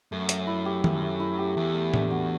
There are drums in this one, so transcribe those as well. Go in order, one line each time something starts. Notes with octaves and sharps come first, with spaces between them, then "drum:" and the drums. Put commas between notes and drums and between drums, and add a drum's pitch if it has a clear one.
F#2 A3
A3, drum: hi-hat
E4
G4
A3, drum: tom D#3
A3
E4
G4
E2 A3
A3
D4, drum: tom A2
F#4